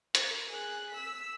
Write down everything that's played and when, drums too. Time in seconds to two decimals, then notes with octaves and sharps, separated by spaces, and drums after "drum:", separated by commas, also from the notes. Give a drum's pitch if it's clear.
0.15 A#4, drum: hi-hat
0.49 G#4 F#6
0.90 E6 B6